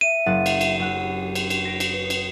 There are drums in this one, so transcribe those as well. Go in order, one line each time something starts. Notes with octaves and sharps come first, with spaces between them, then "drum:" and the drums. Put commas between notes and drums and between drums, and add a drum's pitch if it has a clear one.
E5 D#7
F#1 F#5 A6
drum: cymbal
drum: cymbal
F#2 G#4 F#5
G4
drum: cymbal
drum: cymbal
A#6 D7
drum: cymbal
B4
drum: cymbal